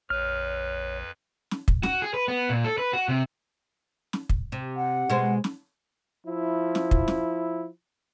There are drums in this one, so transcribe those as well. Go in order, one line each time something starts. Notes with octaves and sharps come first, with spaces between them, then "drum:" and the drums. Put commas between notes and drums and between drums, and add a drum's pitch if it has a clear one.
A#1 F2 B4 C#5 F6
drum: snare
drum: kick
F#4, drum: snare
G#4
B4
B3
A#2
A4
B4
F#4
C3
drum: snare
drum: kick
C3
F#5
B2 G#3 C5
drum: snare
F3 E4
drum: snare
drum: kick
drum: snare